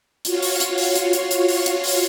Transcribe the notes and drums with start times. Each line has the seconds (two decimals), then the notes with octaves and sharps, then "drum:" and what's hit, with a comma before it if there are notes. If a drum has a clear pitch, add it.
0.25 F4 F#4 C#5 F5, drum: hi-hat
0.42 drum: open hi-hat
0.60 drum: hi-hat
0.78 drum: open hi-hat
0.95 drum: hi-hat
1.13 drum: hi-hat
1.31 drum: hi-hat
1.48 drum: open hi-hat
1.66 drum: hi-hat
1.84 drum: open hi-hat